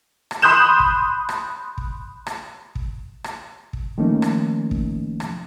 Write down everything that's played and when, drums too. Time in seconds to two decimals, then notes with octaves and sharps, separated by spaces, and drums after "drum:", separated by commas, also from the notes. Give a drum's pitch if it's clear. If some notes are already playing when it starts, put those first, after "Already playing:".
0.31 drum: rim click
0.42 B5 C6 D#6 F#6 G6 E7
0.80 drum: kick
1.29 drum: rim click
1.78 drum: kick
2.26 drum: rim click
2.75 drum: kick
3.24 drum: rim click
3.73 drum: kick
3.98 D#3 F3 A3 A#3 C#4 D#4
4.22 drum: rim click
4.71 drum: kick
5.20 drum: rim click